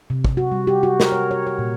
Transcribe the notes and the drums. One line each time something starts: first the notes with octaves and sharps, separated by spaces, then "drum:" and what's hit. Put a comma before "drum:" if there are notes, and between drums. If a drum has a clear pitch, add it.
C3
C3, drum: kick
F#4
G3
G4
F#4
A#4, drum: snare
C#5
C#5
C#5
A#2